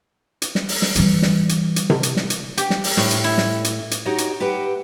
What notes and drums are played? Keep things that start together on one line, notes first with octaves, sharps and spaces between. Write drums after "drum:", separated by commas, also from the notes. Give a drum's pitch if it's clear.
drum: hi-hat
drum: snare
drum: open hi-hat
drum: snare
E3 G3, drum: hi-hat
drum: snare
drum: hi-hat
drum: hi-hat
drum: tom C3
drum: hi-hat
drum: snare
drum: hi-hat
G4, drum: hi-hat
drum: snare
drum: open hi-hat
A2, drum: snare
drum: hi-hat
E4
drum: snare
drum: hi-hat
drum: hi-hat
D#4 F#4 G4 C#5 D#5
drum: hi-hat
G4 B4 E5 F#5 G5